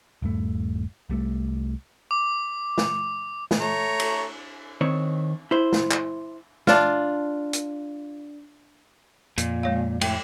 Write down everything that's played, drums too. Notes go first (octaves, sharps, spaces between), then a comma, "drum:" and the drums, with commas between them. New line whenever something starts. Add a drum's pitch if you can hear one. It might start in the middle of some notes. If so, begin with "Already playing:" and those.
D#1 G2 A3
C2 G3 A3
D6
drum: snare
drum: snare
A3 C#5 A#5
drum: cymbal
D#3 C4 C#5
E4 C5
drum: snare
drum: clap
D4 F4, drum: snare
drum: hi-hat
F2 A#2, drum: hi-hat
G#3 C#5 F5
A2 G5, drum: cymbal